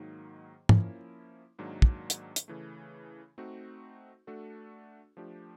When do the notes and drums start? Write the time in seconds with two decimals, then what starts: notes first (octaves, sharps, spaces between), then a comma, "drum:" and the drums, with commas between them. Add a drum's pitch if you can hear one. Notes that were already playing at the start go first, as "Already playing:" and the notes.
Already playing: G#2 D#3 F#3 A#3 D#4
0.69 F3 A#3 C#4 E4, drum: tom
1.59 G#2 D#3 F#3 A#3 D4
1.82 drum: kick
2.10 drum: hi-hat
2.36 drum: hi-hat
2.48 C#3 E3 A3
3.38 A3 C4 D#4 F#4
4.27 A3 D4 F#4 A4
5.17 F3 A3 D4 G4